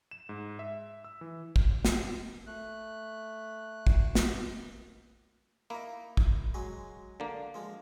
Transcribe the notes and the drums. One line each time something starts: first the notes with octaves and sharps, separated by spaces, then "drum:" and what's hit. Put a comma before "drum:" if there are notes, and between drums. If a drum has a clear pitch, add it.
E7
G#2
E5
E6
E3
drum: kick
drum: snare
A3 F#6
drum: kick
drum: snare
A#3 D#4 E4
drum: kick
F#3 G#3 G#4
D3 A#3
F3 G#3